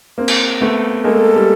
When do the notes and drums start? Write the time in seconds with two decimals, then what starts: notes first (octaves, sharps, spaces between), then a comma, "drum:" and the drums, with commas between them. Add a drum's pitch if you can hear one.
0.18 A#3 C4
0.28 drum: cymbal
0.61 A3 B3
1.04 G#3 A#3 A4
1.36 G3